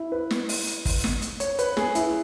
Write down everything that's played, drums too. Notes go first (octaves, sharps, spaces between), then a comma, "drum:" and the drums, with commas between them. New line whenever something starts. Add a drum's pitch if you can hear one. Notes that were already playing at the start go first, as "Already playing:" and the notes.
Already playing: E4
B4
drum: snare
drum: open hi-hat
drum: hi-hat
drum: kick, open hi-hat
drum: snare
drum: hi-hat
C#5, drum: hi-hat
B4, drum: hi-hat
G#4, drum: snare
E4, drum: hi-hat